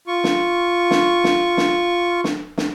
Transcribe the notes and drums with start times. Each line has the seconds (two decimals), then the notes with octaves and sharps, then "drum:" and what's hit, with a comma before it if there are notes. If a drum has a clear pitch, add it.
0.07 F4 C#6
0.24 drum: snare
0.91 drum: snare
1.24 drum: snare
1.57 drum: snare
2.24 drum: snare
2.58 drum: snare